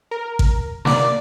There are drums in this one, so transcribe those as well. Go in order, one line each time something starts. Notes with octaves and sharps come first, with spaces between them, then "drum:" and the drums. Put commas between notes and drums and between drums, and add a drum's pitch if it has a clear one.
A#4
drum: kick A1
A#3 D5, drum: snare